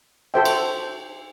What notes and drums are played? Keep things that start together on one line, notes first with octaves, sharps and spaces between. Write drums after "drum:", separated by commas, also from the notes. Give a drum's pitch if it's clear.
F#4 A4 C5 E5 G5
drum: cymbal